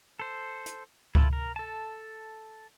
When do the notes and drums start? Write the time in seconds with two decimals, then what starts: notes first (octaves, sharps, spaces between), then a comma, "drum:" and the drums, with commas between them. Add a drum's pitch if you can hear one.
0.19 A4 C5
0.66 drum: hi-hat
1.15 E4 F4 A4, drum: kick C#2
1.33 A#4
1.56 A4 A5